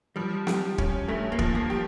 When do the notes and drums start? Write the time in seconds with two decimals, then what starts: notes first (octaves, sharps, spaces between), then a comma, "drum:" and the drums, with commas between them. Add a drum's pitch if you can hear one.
0.16 F3 G3
0.47 G4, drum: snare
0.78 C#4, drum: kick
1.08 G2 A3
1.32 A#3
1.39 F3, drum: kick
1.55 A#3
1.70 G4